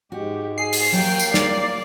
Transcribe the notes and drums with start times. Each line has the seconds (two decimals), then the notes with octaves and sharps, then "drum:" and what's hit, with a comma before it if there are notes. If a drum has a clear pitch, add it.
0.12 G#2 G#3 F#4 G4
0.58 G#4 C7
0.73 drum: open hi-hat
0.92 F#3 A#3 G4 A#4 G5
1.19 drum: tambourine
1.34 D5, drum: snare